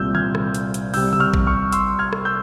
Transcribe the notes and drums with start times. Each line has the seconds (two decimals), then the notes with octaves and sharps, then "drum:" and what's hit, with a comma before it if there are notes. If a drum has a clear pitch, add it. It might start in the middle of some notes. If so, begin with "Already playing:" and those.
Already playing: C2 A#2 G3 C4 E6 G6
0.15 F6 G#6, drum: tom D3
0.35 drum: rim click
0.54 drum: hi-hat
0.74 drum: hi-hat
0.94 C2 C3 G3 E6 G6, drum: open hi-hat
1.13 E6, drum: tom C3
1.20 C#6 F6
1.34 drum: kick A1
1.47 C#6 F6
1.72 C6 E6, drum: hi-hat
1.99 F6 G#6
2.13 drum: rim click
2.25 E6 G6